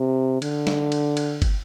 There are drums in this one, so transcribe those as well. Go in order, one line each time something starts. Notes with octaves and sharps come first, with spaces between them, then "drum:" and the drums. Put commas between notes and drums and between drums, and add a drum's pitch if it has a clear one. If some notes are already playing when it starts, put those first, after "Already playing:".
Already playing: C3
D3, drum: cymbal
drum: snare
drum: cymbal
drum: cymbal
drum: kick, cymbal